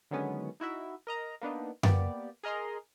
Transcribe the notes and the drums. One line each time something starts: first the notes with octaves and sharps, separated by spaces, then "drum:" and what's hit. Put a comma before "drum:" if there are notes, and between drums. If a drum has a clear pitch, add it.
D3 D#3 F#3 G#3 B3 C#4
D#4 E4 F#4 E5
A#4 D#5 A#5
A#3 B3 D4 D#4
A#3 B3 G4 D5, drum: tom F#2
G#4 A#4 D#5 A#5 C6